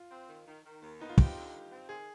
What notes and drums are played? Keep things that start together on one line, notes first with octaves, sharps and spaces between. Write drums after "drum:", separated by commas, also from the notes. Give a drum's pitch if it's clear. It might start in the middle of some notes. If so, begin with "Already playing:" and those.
Already playing: F4
C4
D#3
D#3
D#3
D#2
B3 D#4
F4
C4 G4, drum: kick
D3
G2
C4
D#3 G#4